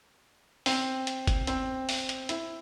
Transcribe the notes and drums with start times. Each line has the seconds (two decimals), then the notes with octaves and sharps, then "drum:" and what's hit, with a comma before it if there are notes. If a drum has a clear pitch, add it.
0.66 C4, drum: open hi-hat
1.07 drum: hi-hat
1.27 drum: kick F#1, hi-hat
1.47 C4, drum: hi-hat
1.89 drum: open hi-hat
2.09 drum: hi-hat
2.29 E4, drum: hi-hat